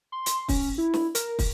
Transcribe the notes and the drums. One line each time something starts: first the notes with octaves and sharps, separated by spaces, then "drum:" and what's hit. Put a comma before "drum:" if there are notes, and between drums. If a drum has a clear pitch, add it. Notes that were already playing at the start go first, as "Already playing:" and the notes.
C6
drum: hi-hat
C#4, drum: kick, open hi-hat
E4
drum: snare
A#4, drum: hi-hat
drum: kick, open hi-hat